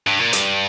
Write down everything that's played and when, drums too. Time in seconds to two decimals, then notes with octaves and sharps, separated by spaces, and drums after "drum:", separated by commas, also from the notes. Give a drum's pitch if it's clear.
0.07 G2
0.19 A#2
0.33 G2, drum: hi-hat